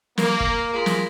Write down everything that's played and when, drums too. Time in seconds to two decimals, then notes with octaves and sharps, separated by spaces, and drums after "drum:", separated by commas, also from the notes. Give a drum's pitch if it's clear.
0.18 A#3, drum: snare
0.40 drum: kick G1
0.73 G#3 F4 G#4 A#4 A#5 B5
0.86 drum: snare